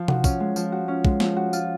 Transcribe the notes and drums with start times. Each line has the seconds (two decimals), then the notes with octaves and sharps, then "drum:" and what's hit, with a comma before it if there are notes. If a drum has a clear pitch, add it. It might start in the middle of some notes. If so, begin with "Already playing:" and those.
Already playing: F3
0.08 F#4, drum: tom C3
0.24 C#4, drum: kick, tambourine
0.40 G#3
0.56 F3, drum: tambourine
0.72 F#4
0.88 C#4
1.05 G#3, drum: kick
1.20 F3, drum: snare
1.37 F#4
1.53 F4, drum: tambourine